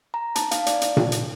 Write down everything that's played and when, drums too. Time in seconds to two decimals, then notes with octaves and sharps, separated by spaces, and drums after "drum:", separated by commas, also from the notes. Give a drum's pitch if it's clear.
0.14 A#5
0.36 A5, drum: hi-hat
0.51 F5, drum: hi-hat
0.66 D5, drum: hi-hat
0.81 drum: hi-hat
0.97 drum: tom A#2
1.12 drum: hi-hat